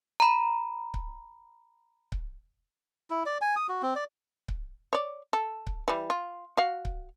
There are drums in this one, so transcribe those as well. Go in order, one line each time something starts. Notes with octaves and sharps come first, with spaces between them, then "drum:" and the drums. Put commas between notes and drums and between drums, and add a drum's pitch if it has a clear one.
A#5 B5
drum: kick C#1
drum: kick C#1
E4
D5
G#5
D#6
F#4
C4
D5
drum: kick C#1
C#5 D5
A4
drum: kick C#1
E3 G3
F4
F#4 F5
drum: kick C#1